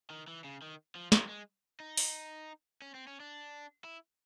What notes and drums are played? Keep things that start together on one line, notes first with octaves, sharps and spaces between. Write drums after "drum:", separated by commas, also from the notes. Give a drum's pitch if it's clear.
D#3
E3
C#3
D#3
F3
F#3, drum: snare
G#3
D#4
drum: open hi-hat
C#4
C4
C#4
D4
E4